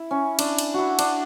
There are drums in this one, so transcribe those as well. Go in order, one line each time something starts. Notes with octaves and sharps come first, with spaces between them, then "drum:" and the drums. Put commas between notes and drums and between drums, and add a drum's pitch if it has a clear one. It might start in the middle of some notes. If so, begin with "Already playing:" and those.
Already playing: E4
C#4
D4, drum: cymbal
drum: cymbal
E4 F#4
D4, drum: cymbal